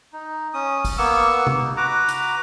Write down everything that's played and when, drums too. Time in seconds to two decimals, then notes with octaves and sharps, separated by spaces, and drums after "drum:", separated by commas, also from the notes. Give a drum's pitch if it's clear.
0.13 D#4
0.54 C#4 D#6
0.85 drum: kick, open hi-hat
0.98 A#3 B3 C#6 E6
1.47 drum: tom C3
1.64 D#4
1.77 F#4 B4 A#5 D6
2.09 drum: hi-hat